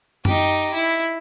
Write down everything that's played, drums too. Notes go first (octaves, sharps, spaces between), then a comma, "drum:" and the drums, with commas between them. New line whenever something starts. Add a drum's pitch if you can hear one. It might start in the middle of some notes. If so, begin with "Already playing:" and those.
D#4 G4, drum: tom F#2
E4